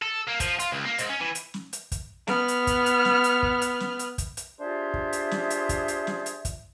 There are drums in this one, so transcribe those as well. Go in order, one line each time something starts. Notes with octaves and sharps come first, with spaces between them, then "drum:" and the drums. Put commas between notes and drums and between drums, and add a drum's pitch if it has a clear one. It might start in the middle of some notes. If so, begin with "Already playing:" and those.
A4
A#3
F3, drum: kick, hi-hat
F4, drum: hi-hat
C#2
A#3
G#2, drum: hi-hat
C#4
E3
drum: hi-hat
drum: snare
drum: hi-hat
drum: kick, hi-hat
B3 F6, drum: snare
drum: hi-hat
drum: kick, hi-hat
drum: hi-hat
drum: snare
drum: hi-hat
drum: kick
drum: hi-hat
drum: snare
drum: hi-hat
drum: kick, hi-hat
drum: hi-hat
D4 F4 G4 G#4 C5 E5
drum: kick
drum: hi-hat
drum: snare
drum: hi-hat
drum: kick, hi-hat
drum: hi-hat
drum: snare
drum: hi-hat
drum: kick, hi-hat